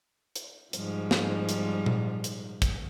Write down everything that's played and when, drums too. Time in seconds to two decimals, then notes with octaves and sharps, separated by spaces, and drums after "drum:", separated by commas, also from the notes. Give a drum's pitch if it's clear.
0.36 drum: hi-hat
0.73 G#2 F3 G3, drum: hi-hat
1.11 drum: snare
1.49 drum: hi-hat
1.86 drum: tom A#2
2.24 drum: hi-hat
2.62 drum: kick, hi-hat